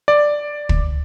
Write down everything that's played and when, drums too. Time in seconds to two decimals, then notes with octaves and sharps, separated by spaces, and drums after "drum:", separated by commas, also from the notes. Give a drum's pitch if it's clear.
0.08 D5
0.69 drum: kick